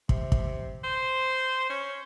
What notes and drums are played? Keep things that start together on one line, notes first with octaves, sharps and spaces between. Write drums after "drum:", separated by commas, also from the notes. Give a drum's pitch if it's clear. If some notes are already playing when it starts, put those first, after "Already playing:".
C3, drum: kick
drum: kick
C5
C#4